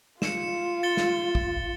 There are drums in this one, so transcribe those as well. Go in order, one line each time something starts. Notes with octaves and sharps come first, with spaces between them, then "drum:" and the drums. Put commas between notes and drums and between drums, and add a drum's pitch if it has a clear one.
F4 C#7 E7, drum: snare
A6 C#7 G7
drum: snare
drum: kick